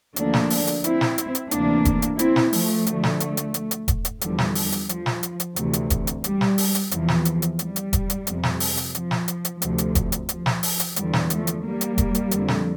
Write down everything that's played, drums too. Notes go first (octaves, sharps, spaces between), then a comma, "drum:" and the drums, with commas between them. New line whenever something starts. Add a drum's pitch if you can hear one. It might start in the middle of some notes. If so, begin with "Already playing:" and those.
D2 D3 F3 A#3 D4, drum: hi-hat
drum: snare
drum: open hi-hat
drum: hi-hat
C4 E4, drum: hi-hat
drum: snare
drum: hi-hat
drum: hi-hat
D2 C3 E3 A#3 D4, drum: hi-hat
drum: kick E1, hi-hat
drum: hi-hat
C4 E4, drum: hi-hat
drum: snare
F3 A3, drum: open hi-hat
D2 D3 F3, drum: hi-hat
drum: snare
drum: hi-hat
drum: hi-hat
drum: hi-hat
drum: hi-hat
drum: kick E1, hi-hat
drum: hi-hat
E2 D3 F3 G3, drum: hi-hat
drum: snare
drum: open hi-hat
drum: hi-hat
F3, drum: hi-hat
drum: snare
drum: hi-hat
drum: hi-hat
D2 C3 E3, drum: hi-hat
drum: hi-hat
drum: kick E1, hi-hat
drum: hi-hat
G3, drum: hi-hat
drum: snare
drum: open hi-hat
drum: hi-hat
E2 C3 E3 F3, drum: hi-hat
drum: snare
drum: hi-hat
drum: hi-hat
G3, drum: hi-hat
drum: hi-hat
drum: kick E1, hi-hat
drum: hi-hat
F2 C3 F3, drum: hi-hat
drum: snare
drum: open hi-hat
drum: hi-hat
F3, drum: hi-hat
drum: snare
drum: hi-hat
drum: hi-hat
D2 C3 F3, drum: hi-hat
drum: hi-hat
drum: kick E1, hi-hat
drum: hi-hat
F3, drum: hi-hat
drum: snare
drum: open hi-hat
drum: hi-hat
E2 D3 F3 G3, drum: hi-hat
drum: snare
F3 A3, drum: hi-hat
drum: hi-hat
G3 A#3
drum: hi-hat
drum: kick E1, hi-hat
drum: hi-hat
F2 D3 F3, drum: hi-hat
drum: snare